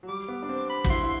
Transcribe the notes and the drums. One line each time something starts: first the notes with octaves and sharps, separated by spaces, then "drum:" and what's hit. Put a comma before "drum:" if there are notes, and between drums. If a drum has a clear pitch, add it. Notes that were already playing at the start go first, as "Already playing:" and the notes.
F#3
G3 D6
B3
D4
C4
B5
F#4, drum: kick
E4 C6
E4